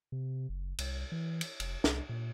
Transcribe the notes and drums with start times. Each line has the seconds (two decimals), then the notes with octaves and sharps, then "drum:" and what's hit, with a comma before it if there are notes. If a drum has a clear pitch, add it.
0.12 C3
0.49 F#1
0.78 C2, drum: cymbal
1.12 E3
1.41 drum: cymbal
1.60 F1, drum: cymbal
1.84 C2, drum: snare
2.09 A#2